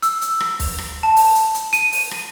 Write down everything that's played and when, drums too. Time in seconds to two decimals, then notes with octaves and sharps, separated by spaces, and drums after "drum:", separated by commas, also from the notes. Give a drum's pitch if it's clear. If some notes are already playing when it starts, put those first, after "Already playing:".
0.02 E6, drum: hi-hat
0.21 drum: hi-hat
0.40 drum: rim click
0.59 drum: kick, open hi-hat
0.78 drum: rim click
1.03 A5
1.16 drum: open hi-hat
1.35 drum: hi-hat
1.54 drum: hi-hat
1.73 D#7, drum: hi-hat
1.92 drum: open hi-hat
2.11 drum: rim click